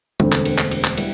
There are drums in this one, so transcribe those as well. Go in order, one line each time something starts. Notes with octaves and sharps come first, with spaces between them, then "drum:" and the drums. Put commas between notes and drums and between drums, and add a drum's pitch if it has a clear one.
E1 D2 D3 C4, drum: tom G3
drum: clap
drum: cymbal
drum: clap
drum: cymbal
drum: clap
G3 E4, drum: cymbal